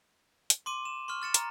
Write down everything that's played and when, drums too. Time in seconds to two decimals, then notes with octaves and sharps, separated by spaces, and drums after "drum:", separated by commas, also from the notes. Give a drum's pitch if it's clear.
0.50 drum: hi-hat
0.66 C6 D6 D#7
0.85 E7
1.08 C6 C#6 F6
1.22 F6 A6 C#7 E7
1.34 A#5, drum: hi-hat